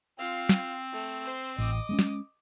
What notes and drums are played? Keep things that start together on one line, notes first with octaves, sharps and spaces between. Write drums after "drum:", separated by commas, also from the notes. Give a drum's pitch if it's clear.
C4 F4 F5
drum: snare
A3
C5
A1 D#5 D6
G#3 A#3 C#4
drum: snare